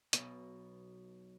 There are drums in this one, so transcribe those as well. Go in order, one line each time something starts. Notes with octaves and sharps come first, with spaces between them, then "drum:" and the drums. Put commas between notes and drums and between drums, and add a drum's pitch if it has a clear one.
B1 B2, drum: hi-hat